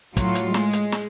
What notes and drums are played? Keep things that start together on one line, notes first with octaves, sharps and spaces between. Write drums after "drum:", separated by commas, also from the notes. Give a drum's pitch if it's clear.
A2 F#3 F4, drum: kick, hi-hat
drum: hi-hat
G#3, drum: snare
drum: hi-hat
drum: snare